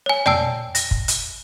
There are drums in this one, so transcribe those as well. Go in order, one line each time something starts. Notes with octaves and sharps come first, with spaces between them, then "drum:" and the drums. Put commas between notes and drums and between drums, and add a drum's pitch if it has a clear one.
C#5 G#5
D5 G5 A5 E6, drum: tom
A#6, drum: hi-hat
drum: kick
drum: hi-hat